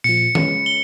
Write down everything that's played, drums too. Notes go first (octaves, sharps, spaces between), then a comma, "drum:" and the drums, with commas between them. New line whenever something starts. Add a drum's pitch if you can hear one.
A#2 F3 C#7
G#3 C#4 B4, drum: tom D#3
G7